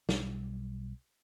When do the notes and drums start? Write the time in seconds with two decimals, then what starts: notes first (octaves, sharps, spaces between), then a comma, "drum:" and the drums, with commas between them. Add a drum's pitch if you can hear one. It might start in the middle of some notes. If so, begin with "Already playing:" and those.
0.09 B1 G3, drum: snare